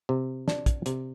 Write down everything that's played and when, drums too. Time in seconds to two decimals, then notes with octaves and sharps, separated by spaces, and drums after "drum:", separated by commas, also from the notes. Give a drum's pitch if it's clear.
0.09 C3
0.48 D4, drum: snare
0.66 drum: kick, hi-hat
0.86 C3, drum: hi-hat